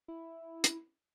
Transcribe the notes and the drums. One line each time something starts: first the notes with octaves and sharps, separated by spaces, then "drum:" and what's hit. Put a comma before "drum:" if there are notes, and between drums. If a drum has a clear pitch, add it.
E4
drum: hi-hat